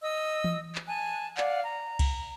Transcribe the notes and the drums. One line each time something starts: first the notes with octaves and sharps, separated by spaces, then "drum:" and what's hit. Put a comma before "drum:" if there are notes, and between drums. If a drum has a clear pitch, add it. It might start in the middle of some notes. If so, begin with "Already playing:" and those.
D#5 E6
drum: tom E3
drum: clap
G#5 A5 F#6
D5 F5 F#5, drum: clap
A#5
drum: kick C2, cymbal